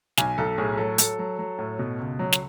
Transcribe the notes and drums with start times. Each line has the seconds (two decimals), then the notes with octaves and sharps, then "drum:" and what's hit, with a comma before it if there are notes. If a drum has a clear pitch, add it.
0.17 B1 G#5, drum: snare
0.38 B1 A4
0.58 A2 G#4
0.78 F#3 A4
0.98 F#3 A4, drum: hi-hat
1.19 F#3
1.39 F#3
1.59 A2
1.79 B2
2.00 C#2
2.19 F#3
2.32 drum: snare